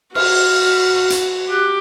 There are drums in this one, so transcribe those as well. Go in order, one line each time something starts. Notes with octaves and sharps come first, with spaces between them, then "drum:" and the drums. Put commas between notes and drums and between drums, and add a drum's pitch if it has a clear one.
F#4 F6, drum: cymbal
drum: hi-hat
G4 F#6